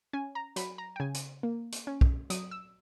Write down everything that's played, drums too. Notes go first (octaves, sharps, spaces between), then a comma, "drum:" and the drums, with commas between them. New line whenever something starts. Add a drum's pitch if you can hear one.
C#4 G#5
A#5
F#3 B5, drum: hi-hat
A#5
G5
C#3 G#5
drum: hi-hat
A#3
drum: hi-hat
C#4
drum: kick
F#3 D#6, drum: hi-hat
E6